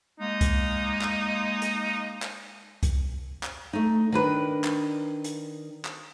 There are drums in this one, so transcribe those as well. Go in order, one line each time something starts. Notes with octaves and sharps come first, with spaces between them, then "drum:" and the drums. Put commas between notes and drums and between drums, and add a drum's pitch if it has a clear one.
G#3 A#3 D#4
drum: kick C2, hi-hat
drum: clap
drum: hi-hat
drum: clap
drum: kick C2, hi-hat
drum: clap
A3 D#4
D#3 D4 B4
drum: clap
drum: hi-hat
drum: clap